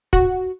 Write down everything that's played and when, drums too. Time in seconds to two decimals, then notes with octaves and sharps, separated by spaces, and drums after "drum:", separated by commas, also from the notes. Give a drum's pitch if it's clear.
0.13 F#4, drum: kick